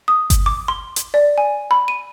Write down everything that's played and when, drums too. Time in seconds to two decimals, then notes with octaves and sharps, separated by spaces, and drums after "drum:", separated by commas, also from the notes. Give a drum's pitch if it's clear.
0.08 D#6
0.30 drum: kick G1, hi-hat
0.46 D6
0.68 C6
0.96 drum: hi-hat
1.14 D5
1.38 G#5
1.71 B5
1.88 D#7